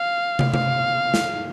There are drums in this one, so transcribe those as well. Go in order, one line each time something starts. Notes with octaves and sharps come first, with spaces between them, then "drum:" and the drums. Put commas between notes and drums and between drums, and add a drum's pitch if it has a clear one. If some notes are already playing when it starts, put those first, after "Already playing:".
Already playing: F5
drum: tom
F5, drum: tom
drum: snare